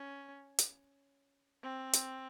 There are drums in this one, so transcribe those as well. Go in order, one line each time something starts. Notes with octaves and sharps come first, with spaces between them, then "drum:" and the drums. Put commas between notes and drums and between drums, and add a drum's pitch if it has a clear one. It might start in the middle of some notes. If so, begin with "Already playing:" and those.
Already playing: C#4
drum: hi-hat
C4
drum: hi-hat